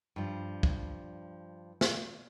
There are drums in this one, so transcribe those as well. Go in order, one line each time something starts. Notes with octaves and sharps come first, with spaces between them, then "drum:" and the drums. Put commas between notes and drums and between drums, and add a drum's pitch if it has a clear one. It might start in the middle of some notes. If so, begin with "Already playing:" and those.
G2 F3
drum: kick
drum: snare